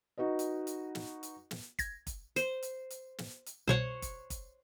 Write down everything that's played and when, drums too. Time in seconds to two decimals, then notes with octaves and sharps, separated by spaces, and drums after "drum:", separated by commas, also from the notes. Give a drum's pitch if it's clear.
0.18 D#4 F#4 B4 D#5
0.39 drum: hi-hat
0.67 drum: hi-hat
0.95 drum: snare
1.23 drum: hi-hat
1.51 drum: snare
1.79 G#6 A#6, drum: kick, hi-hat
2.07 drum: kick, hi-hat
2.36 C5, drum: hi-hat
2.63 drum: hi-hat
2.90 drum: hi-hat
3.18 drum: snare
3.46 drum: hi-hat
3.68 C2 B2 C5 C#5 F#5
4.02 drum: kick, hi-hat
4.30 drum: kick, hi-hat